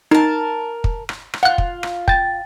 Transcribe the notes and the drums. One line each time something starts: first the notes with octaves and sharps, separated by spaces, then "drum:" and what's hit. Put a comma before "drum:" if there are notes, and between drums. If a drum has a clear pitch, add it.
D#4 A#4 A5
drum: kick
drum: rim click
drum: rim click
F4 F#5 F#6
drum: kick
drum: rim click
G5 A6, drum: kick